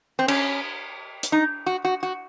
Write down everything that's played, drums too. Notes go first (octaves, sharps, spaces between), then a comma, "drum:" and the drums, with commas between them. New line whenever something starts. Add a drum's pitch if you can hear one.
C4
C#4, drum: cymbal
drum: hi-hat
D#4
F#4
F#4
F#4